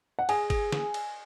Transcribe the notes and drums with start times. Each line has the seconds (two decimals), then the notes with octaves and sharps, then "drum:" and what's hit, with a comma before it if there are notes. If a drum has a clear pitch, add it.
0.19 F#5
0.29 G#4 G#5, drum: cymbal
0.50 G#4, drum: kick, cymbal
0.72 drum: snare
0.94 drum: cymbal